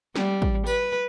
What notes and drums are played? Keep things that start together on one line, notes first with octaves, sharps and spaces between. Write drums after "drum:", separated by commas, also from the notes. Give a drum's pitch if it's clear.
G3, drum: snare
drum: kick
B4, drum: tambourine